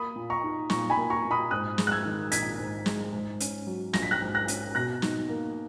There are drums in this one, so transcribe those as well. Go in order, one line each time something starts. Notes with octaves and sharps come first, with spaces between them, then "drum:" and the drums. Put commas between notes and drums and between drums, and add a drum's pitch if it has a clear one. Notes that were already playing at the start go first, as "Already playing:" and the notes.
Already playing: A#3 B5 D#6
A#2
A#5 C#6
D#4
A#2 A#5 C#6, drum: snare
G#5 B5
A#3
A#5 C#6
A#2
B5 D#6
G#2 D#6 F#6
G#3, drum: snare
F#6
E6 G#6
D#3
A#1 G#6 B6, drum: hi-hat
G#2
G#3, drum: snare
G#2
C#4, drum: hi-hat
F#3
A#1 A#6, drum: snare
B6
F#6 A#6
G#2
F#6 A#6
C#4, drum: hi-hat
B2 F#6 A#6
D#4, drum: snare
A#3